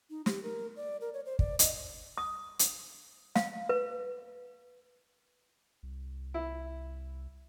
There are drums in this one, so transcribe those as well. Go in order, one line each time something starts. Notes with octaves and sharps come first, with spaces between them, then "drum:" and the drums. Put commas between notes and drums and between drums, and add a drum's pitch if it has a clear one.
D#4
G4, drum: snare
A#4
D5
A#4
C#5
C5
D5, drum: kick
D#5, drum: hi-hat
D#6
drum: hi-hat
F5, drum: snare
B4
C2
E4